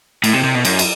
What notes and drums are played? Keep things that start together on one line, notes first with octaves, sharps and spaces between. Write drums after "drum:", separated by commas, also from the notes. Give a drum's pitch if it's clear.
A2, drum: cymbal
C3
C3
B2
F#2, drum: cymbal
drum: cymbal